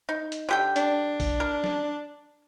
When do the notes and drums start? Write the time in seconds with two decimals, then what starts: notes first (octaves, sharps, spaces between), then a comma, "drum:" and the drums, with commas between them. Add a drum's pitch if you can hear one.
0.09 D#4
0.32 drum: hi-hat
0.49 D3 G4 G5
0.76 D4, drum: hi-hat
1.20 drum: kick, open hi-hat
1.40 A#4
1.64 drum: snare